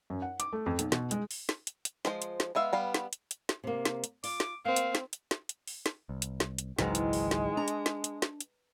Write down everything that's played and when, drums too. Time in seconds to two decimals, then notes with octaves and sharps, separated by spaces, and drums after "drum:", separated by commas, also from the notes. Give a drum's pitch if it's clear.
0.10 F#2
0.22 F#5
0.40 D6, drum: hi-hat
0.53 A3
0.66 F2
0.79 B1, drum: hi-hat
0.92 B2, drum: snare
1.11 G#3, drum: hi-hat
1.31 drum: open hi-hat
1.49 drum: snare
1.67 drum: hi-hat
1.85 drum: hi-hat
2.05 F3 G#3 C5, drum: snare
2.22 drum: hi-hat
2.40 drum: snare
2.55 G#3 B3 E5 F5
2.73 G3 B3 F5
2.94 drum: snare
3.13 drum: hi-hat
3.31 drum: hi-hat
3.49 drum: snare
3.64 C3 A#3
3.85 drum: snare
4.04 drum: hi-hat
4.24 F4 D6, drum: open hi-hat
4.40 drum: snare
4.65 A#3 C4 F5
4.76 drum: hi-hat
4.95 drum: snare
5.13 drum: hi-hat
5.31 drum: snare
5.49 drum: hi-hat
5.67 drum: open hi-hat
5.86 drum: snare
6.09 C2
6.22 drum: hi-hat
6.40 drum: snare
6.58 drum: hi-hat
6.79 G#1 C#2 G#2 D#3 E3 F#3 G#3, drum: snare
6.95 drum: hi-hat
7.13 drum: open hi-hat
7.31 drum: snare
7.57 D4 A#5
7.68 drum: hi-hat
7.86 drum: snare
8.04 drum: hi-hat
8.22 drum: snare
8.40 drum: hi-hat